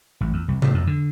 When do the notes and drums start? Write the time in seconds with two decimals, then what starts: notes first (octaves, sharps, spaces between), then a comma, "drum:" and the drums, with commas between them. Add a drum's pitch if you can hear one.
0.21 A1
0.33 E2
0.48 C2
0.62 A2, drum: tom C3
0.74 F2
0.87 D3